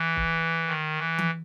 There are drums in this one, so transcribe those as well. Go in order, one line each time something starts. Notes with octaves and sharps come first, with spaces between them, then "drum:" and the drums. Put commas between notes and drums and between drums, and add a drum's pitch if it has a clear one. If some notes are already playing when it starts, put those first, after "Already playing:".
Already playing: E3
drum: kick
D#3
E3
drum: tom E3